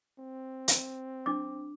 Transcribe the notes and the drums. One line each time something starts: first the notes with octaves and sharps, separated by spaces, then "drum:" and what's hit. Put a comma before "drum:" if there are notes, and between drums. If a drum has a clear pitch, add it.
C4
drum: hi-hat
D4 D6